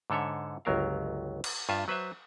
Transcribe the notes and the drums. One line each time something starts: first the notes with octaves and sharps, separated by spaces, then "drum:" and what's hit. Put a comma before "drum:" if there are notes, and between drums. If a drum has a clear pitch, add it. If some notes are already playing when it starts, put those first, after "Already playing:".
G#2 D3 A4 C#5 E5
G1 C#2 F#3 A#4 F5
drum: cymbal
G2 F4 E5
F#3 B4 C5 E5